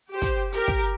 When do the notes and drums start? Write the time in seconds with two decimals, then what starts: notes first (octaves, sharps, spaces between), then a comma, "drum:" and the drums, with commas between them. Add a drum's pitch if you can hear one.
0.11 G4 C5
0.22 drum: kick, hi-hat
0.52 G4 A#4, drum: hi-hat
0.68 drum: kick